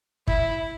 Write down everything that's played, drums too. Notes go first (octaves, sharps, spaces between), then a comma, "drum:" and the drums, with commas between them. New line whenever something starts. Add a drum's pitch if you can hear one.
E4, drum: kick